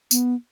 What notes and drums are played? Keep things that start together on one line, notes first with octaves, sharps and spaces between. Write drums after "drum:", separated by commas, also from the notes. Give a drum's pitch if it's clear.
B3, drum: tambourine